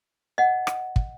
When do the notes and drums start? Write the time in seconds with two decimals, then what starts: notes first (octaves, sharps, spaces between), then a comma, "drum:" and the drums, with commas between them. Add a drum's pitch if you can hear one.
0.38 D#5 F#5
0.67 drum: rim click
0.96 drum: kick